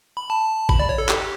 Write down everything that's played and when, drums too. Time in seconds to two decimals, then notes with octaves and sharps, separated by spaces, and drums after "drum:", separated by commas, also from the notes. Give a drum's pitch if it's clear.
0.17 B5
0.30 A5
0.69 B5, drum: kick G#1
0.79 D5
0.89 C#5
0.98 A4
1.09 G4, drum: clap